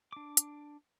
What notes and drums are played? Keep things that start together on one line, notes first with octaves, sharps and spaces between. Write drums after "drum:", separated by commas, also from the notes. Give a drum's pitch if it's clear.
D4 D6
drum: hi-hat